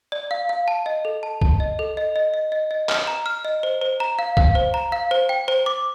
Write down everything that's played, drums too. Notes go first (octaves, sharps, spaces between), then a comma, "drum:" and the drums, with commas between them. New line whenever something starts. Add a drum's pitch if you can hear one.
D5
F5
F5
A5
D#5
A4
A5
A5, drum: kick
D#5
A4
D#5
D#5
D#5
D#5
D#5
F6, drum: clap
A#5
F6
D#5
C5
C5
A#5
F5
F5, drum: kick
C5
A#5
F5
C5
G5
C5
D6